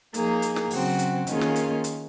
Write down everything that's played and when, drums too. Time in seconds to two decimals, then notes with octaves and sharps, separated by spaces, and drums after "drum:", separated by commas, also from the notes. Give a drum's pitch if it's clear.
0.14 F3 A#3 D#4 G#4, drum: hi-hat
0.42 drum: hi-hat
0.56 drum: snare
0.70 C#3 F#3 C4 F#4, drum: open hi-hat
0.99 drum: hi-hat
1.27 D#3 A#3 C#4 F4 G#4, drum: hi-hat
1.41 drum: snare
1.56 drum: hi-hat
1.84 drum: hi-hat